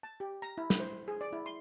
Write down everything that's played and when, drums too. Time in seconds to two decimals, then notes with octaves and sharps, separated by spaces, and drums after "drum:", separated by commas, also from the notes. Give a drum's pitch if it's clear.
0.03 A5
0.20 G4
0.42 A#5
0.58 E4
0.70 drum: snare
0.80 C5
1.08 G#4
1.21 D5
1.33 E4
1.46 C6